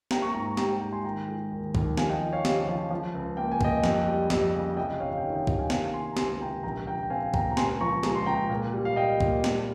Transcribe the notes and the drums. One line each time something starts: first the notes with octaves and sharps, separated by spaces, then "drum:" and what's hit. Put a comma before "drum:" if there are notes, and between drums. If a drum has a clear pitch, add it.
A#3 G5 A#5, drum: snare
A#5 C#6
G#2 A#5 C#6
A#5 C#6
G3 G5 A#5, drum: snare
G5 A#5
G#2 G5 A#5
G#5 C6
D#3 G5 A#5
G#3
D#2
D#2, drum: kick
F3 F5 G#5, drum: snare
D#5 G5
F3
C#5 F5
C#3, drum: snare
F3
F3
C#2
A#3 G5
G#5
A#3 D#5 G5, drum: kick
F2, drum: snare
G3
F2, drum: snare
C#3
C3 D#5 G5
G1 C#5 F5
G5
D#3 C#5 F5
D#5 G5
C3 D#5 G5, drum: kick
F5 G#5
A#3 F5 G#5, drum: snare
C3 G#5 C6
A#5
C#2 G#5 C6, drum: snare
C3 G5 A#5
A#1 G5 A#5
A#1 G5 A#5
G5
C4 F5 G#5
A#2 G5 A#5, drum: kick
A#5
C#2 G#5 C6, drum: snare
F3 A#5 C#6
G#3 A#5, drum: snare
C6
C#2 G5 A#5
A#2
G3
F5
A#2 D#5 G5
A#2, drum: kick
G3, drum: snare